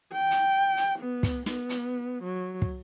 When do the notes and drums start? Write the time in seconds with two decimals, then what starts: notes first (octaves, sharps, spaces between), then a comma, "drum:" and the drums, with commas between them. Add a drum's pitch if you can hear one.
0.14 G5
0.31 drum: hi-hat
0.77 drum: hi-hat
0.99 B3
1.23 drum: kick, hi-hat
1.46 B3, drum: snare
1.69 drum: hi-hat
2.24 F#3
2.62 drum: kick